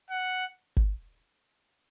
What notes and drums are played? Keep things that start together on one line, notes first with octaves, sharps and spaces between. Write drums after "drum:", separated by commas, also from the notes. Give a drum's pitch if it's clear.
F#5
drum: kick G#1